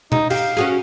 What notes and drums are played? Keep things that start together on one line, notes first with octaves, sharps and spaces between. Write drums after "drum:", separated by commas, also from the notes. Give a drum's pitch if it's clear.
D#4, drum: tom B2
G4 F5, drum: cymbal
C#4 F#4 G#4